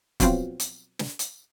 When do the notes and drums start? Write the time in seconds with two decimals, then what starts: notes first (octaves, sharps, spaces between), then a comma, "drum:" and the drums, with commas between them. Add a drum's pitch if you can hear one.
0.20 B2 F3 F#3 B3 C4 F4, drum: kick, hi-hat
0.60 drum: hi-hat
0.99 drum: snare
1.19 drum: hi-hat